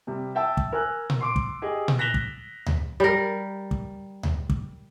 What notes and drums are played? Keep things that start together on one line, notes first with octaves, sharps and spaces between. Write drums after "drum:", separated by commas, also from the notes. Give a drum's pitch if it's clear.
C3 G3
E5 G5 A5 E6
drum: kick
A#4 G#5 E6 F#6
drum: tom A#2
C6 D6 D7
drum: kick
G4 G#4 D#5
drum: tom A#2
F#6 A#6 B6 E7 F7 G7
drum: kick
drum: tom D2
G3 A#4
drum: kick
drum: tom D2
drum: kick